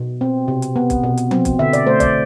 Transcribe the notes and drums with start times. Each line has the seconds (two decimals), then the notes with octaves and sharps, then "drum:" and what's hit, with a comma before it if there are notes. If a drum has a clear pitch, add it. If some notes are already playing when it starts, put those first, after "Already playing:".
Already playing: B2
0.21 C4
0.48 C3
0.62 drum: hi-hat
0.76 B3
0.90 drum: kick, hi-hat
1.03 B2
1.17 drum: hi-hat
1.31 C4, drum: tom F3
1.45 drum: kick, hi-hat
1.59 D3 E5
1.73 D5, drum: hi-hat
1.86 A3 C5
2.00 D5, drum: kick, hi-hat